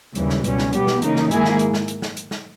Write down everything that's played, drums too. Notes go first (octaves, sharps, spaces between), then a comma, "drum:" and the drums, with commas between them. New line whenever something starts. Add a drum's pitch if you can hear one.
D#2 C#3 E3 G3, drum: hi-hat
drum: snare
C#2 B2 G3 C#4, drum: hi-hat
drum: snare
B2 G3 B3 G4, drum: hi-hat
drum: snare
C#3 E3 A#3 D#4, drum: hi-hat
drum: snare
G#2 D#3 A#3 E4 G#4, drum: hi-hat
drum: snare
drum: hi-hat
drum: snare
drum: hi-hat
drum: snare
drum: hi-hat
drum: snare